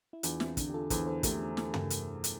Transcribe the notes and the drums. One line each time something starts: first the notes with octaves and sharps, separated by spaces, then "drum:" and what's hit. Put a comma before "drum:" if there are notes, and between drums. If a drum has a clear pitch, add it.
E4
E2 D4 F4, drum: hi-hat
C4 E4, drum: snare
D3, drum: kick, hi-hat
G4
F4 A4
E2 A4 C5, drum: kick, hi-hat
A4 C5
A3 G4 A#4, drum: kick, hi-hat
drum: snare
drum: tom
drum: hi-hat
drum: hi-hat